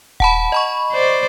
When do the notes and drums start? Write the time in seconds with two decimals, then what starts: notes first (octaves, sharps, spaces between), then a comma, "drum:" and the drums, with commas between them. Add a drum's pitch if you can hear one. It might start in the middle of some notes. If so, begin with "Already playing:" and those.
0.20 F#5 A5 B5, drum: kick D#1
0.52 D#5 B5 C#6
0.92 C5 D5